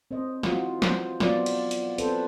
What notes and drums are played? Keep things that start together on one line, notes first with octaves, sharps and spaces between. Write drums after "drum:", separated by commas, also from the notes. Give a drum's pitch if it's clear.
C4 C5 D#5
E3 F4 F#4 C5, drum: snare
C5, drum: snare
F#3 B3 F4 D5, drum: snare
drum: cymbal
drum: hi-hat
C4 A4 B4 C5, drum: hi-hat